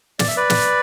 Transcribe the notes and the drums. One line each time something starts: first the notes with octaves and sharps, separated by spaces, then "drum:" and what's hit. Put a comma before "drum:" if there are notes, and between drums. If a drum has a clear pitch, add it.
D5, drum: snare
E5
B4 D5
drum: snare